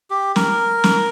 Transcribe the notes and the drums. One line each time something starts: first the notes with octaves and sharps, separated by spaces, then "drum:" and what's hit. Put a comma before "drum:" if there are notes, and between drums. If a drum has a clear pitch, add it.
G4
A#4, drum: snare
drum: snare